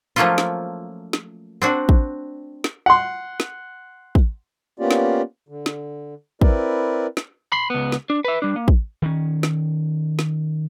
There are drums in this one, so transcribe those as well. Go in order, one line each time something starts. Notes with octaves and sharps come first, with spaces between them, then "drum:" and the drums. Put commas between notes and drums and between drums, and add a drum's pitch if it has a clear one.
F3 F#3 A3 A#3 C#4 F4
drum: snare
drum: snare
C4 D4 F#4
drum: kick
drum: snare
F#5 C6
drum: snare
drum: kick
A#3 B3 C#4 F4 G4 D5
drum: snare
D3
drum: snare
C4 E4 A#4 B4 D5, drum: kick
drum: snare
B5 C6
C#2 B3
drum: snare
D4
B4 E5
G3 D4
A#3
drum: kick
D#3 C#4
drum: snare
drum: snare